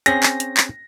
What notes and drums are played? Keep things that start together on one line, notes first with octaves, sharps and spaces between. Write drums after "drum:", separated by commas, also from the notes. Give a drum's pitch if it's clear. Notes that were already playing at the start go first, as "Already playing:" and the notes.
C4 C#4 G#4 A#6, drum: hi-hat
drum: clap
drum: hi-hat
drum: clap